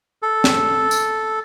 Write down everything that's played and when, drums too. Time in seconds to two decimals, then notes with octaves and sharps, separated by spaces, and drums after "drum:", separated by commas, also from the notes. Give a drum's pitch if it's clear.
0.22 A4
0.44 drum: snare
0.91 drum: tambourine